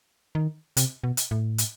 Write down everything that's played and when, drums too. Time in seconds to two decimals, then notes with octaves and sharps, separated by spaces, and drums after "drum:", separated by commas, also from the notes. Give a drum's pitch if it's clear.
0.35 D#3
0.77 C3, drum: hi-hat
1.04 B2
1.17 drum: hi-hat
1.31 A2
1.58 drum: hi-hat